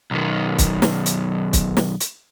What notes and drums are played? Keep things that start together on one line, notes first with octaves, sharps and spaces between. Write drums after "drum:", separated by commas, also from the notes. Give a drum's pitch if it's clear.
B1 D#3
drum: kick, hi-hat
drum: snare
drum: hi-hat
drum: kick, hi-hat
drum: snare
drum: hi-hat